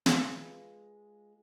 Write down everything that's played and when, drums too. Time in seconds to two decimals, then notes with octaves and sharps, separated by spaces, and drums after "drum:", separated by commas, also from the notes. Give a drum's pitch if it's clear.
0.06 G#3 F4 B4, drum: snare